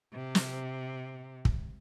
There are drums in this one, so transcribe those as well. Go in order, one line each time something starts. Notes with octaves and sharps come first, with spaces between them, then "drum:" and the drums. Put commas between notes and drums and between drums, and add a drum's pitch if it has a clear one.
C3
drum: snare
drum: kick